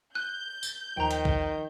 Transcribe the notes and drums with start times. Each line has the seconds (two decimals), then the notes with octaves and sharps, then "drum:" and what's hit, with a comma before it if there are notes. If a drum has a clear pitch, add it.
0.15 F#6 G6
0.63 drum: tambourine
0.97 D#2 D#3 F3 G5 A#5
1.11 drum: hi-hat
1.25 drum: kick B1